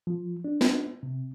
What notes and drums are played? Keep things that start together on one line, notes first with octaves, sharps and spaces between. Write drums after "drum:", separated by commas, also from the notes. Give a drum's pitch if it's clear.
F3
D4
drum: snare
C3